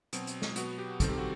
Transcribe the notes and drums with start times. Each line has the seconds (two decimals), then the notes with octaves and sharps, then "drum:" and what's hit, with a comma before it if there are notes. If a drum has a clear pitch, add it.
0.13 B2 F#3 C4, drum: hi-hat
0.27 drum: hi-hat
0.42 drum: snare
0.56 B2 F#3 B3 F#4, drum: hi-hat
0.78 G4
1.00 C3 D#3 G3 C4 A4, drum: kick, hi-hat
1.09 G4
1.18 F#4